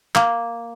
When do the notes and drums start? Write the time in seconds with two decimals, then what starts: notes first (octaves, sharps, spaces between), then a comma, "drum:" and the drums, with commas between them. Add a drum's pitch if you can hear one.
0.15 A#3, drum: clap